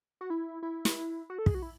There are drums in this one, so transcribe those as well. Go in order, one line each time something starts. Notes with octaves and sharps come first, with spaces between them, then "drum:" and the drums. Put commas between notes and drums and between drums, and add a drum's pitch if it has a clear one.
F#4
E4
E4
drum: snare
F#4
A4
G#4, drum: kick
F#4
E4